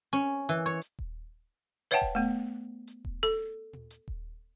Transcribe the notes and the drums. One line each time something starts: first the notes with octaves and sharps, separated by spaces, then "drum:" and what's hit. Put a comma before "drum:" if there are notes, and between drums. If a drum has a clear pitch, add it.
C#4
E3
C#5
drum: hi-hat
drum: kick D#1
B4 C#5 E5 F#5 G5 A5
drum: kick D#1
A3 B3
drum: hi-hat
drum: kick D#1
A4
drum: tom A#2
drum: hi-hat
drum: kick D#1